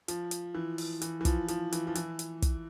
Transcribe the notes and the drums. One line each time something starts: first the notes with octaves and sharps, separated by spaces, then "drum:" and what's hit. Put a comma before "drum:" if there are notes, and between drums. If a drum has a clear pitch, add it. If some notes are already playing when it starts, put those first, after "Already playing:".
F3, drum: hi-hat
drum: hi-hat
E3
drum: open hi-hat
E3, drum: hi-hat
E3
F3, drum: kick, hi-hat
F3, drum: hi-hat
E3, drum: hi-hat
F3
E3, drum: hi-hat
drum: hi-hat
drum: kick, hi-hat